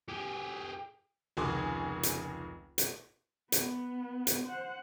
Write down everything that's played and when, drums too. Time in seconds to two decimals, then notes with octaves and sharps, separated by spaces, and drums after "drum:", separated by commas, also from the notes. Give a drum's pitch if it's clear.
0.08 G4 G#4
1.37 F1 C#2 D#3 G#4 C6 D6
2.03 drum: hi-hat
2.78 drum: hi-hat
3.52 B3, drum: hi-hat
4.27 drum: hi-hat
4.44 C5 F#5